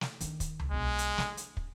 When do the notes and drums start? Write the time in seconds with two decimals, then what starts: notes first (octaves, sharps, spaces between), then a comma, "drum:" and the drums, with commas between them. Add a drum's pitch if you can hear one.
0.01 drum: snare
0.20 D#3 D4, drum: hi-hat
0.40 drum: kick, hi-hat
0.60 drum: tom C#2
0.71 B1 G#3 D4
0.98 drum: hi-hat
1.18 D4, drum: snare
1.37 drum: hi-hat
1.57 drum: kick